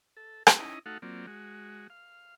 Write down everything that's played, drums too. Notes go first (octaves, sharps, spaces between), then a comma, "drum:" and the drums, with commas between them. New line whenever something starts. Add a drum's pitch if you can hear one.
A4
drum: rim click
C#4 D#4 E4 D#5
A3 D#4 F#4 A4 F5 F#5
F#3 A#3 C4 F4 D5
G#3 F#4
F5